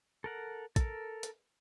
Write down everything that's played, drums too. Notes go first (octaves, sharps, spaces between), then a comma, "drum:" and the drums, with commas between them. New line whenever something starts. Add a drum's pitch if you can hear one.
A4 A#4 F#5
A4 A#4, drum: kick, hi-hat
drum: hi-hat